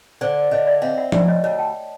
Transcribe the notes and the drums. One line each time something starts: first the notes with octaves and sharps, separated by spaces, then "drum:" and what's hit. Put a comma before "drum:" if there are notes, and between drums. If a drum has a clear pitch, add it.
D3 C5 D5
D3 C#5 D#5
D5 E5
C4 D#5 F5
E5 F#5
D2 D5 E5, drum: tom F3
C#5 D#5
D2 C#5 D#5
G5 A5